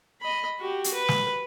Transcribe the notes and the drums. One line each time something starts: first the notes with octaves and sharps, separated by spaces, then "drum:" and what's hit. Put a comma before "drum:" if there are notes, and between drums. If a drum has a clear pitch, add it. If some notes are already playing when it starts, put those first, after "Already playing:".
D#5 B5
F#4 G4
drum: hi-hat
B4
drum: snare